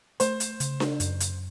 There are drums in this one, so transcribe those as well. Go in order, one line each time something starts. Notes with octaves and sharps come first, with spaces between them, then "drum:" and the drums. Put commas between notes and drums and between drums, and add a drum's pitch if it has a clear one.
A3 C5, drum: hi-hat
drum: hi-hat
C#3, drum: hi-hat
drum: snare D4
F#2, drum: hi-hat
drum: hi-hat